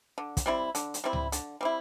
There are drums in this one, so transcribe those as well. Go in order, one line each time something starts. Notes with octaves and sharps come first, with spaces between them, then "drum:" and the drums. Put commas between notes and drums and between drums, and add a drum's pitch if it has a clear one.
D3
drum: kick, hi-hat
G3 C4 E4
D3, drum: hi-hat
drum: hi-hat
G3 C4 E4
drum: tom C#2
D3, drum: hi-hat
G3 C4 E4